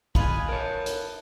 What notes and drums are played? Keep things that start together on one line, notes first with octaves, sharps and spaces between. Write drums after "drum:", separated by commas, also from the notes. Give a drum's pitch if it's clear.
F4 B4 D#5 G#5 B5, drum: kick
A#4 C#5 A5
drum: hi-hat